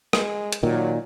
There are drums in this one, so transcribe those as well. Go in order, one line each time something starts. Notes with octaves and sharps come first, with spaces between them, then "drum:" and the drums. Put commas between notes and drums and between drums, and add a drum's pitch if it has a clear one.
G#3, drum: rim click
drum: hi-hat
A#2 D#3 F#3